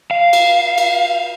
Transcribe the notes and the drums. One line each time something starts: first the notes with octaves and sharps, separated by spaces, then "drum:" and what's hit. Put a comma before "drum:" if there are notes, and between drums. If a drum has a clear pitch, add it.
F5
drum: cymbal
drum: cymbal